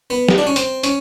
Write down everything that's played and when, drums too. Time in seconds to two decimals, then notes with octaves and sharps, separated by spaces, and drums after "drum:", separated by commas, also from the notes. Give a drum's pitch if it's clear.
0.10 B3
0.28 drum: snare
0.38 D4
0.47 C#4
0.56 C4, drum: hi-hat
0.84 C#4, drum: hi-hat